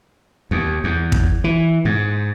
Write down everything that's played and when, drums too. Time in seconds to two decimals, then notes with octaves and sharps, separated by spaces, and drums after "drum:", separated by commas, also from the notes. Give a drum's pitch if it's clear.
0.51 D#2
0.84 E2
1.12 drum: kick
1.44 E3
1.85 G#2